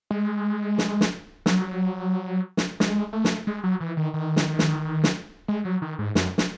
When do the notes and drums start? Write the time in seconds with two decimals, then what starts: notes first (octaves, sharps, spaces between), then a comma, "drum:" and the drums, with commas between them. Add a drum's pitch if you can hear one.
0.11 G#3
0.78 drum: snare
1.01 drum: snare
1.46 F#3, drum: snare
2.57 drum: snare
2.80 G#3, drum: snare
3.13 A3
3.24 drum: snare
3.47 G#3
3.64 F#3
3.80 E3
3.97 D#3
4.14 D#3
4.36 drum: snare
4.59 drum: snare
5.04 drum: snare
5.48 G#3
5.65 F#3
5.82 D#3
5.99 G#2
6.15 F#2, drum: snare
6.38 drum: snare